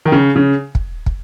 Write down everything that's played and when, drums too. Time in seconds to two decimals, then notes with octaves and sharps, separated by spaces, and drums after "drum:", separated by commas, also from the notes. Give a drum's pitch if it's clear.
0.05 D#3
0.12 C#3
0.36 C#3
0.75 drum: kick
1.06 drum: kick